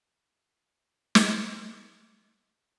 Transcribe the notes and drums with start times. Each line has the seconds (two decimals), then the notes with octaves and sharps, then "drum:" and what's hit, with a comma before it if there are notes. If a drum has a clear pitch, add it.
0.21 B2 F3
1.15 drum: snare